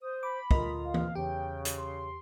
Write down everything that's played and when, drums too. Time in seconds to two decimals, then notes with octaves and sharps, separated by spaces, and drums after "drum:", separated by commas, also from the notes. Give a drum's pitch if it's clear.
0.02 C5 D#6
0.23 B5 D6
0.51 D2 F4 A#4 D#5, drum: kick
0.85 F5
0.94 drum: tom E3
1.15 E2 C#3 G4 G5
1.65 drum: hi-hat
1.78 C6